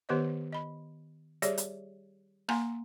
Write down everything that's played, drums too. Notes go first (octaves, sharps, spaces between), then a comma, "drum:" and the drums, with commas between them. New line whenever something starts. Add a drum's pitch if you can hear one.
D#3 B3 G4 C5 C#5 D#5
D#5 B5
G3 G4 G#4 C#5 D5 E5, drum: hi-hat
drum: hi-hat
A#3 F5 G#5 A#5 C6, drum: rim click